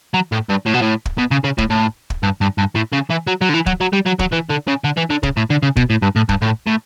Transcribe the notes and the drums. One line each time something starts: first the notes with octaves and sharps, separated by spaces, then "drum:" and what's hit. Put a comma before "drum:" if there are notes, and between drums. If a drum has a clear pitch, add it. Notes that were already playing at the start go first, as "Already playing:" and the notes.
F#3
A2
G2
A2
B2
A2
drum: kick
B2
C#3
C#3
A2, drum: kick
A2
drum: kick
G2
G2
G2
A2
C#3
E3
F#3
F#3
D3
E3
F#3, drum: kick
F#3
G3
F#3
F#3, drum: kick
E3
D3
C#3
D3
E3
D3
C#3, drum: kick
A2
D3
C#3
B2, drum: kick
A2
G2
A2
G2, drum: kick
A2
A2